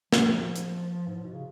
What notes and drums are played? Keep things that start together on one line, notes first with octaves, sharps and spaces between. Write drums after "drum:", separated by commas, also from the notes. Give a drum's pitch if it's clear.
F3, drum: snare
drum: hi-hat
G#2
A2
B2
C#3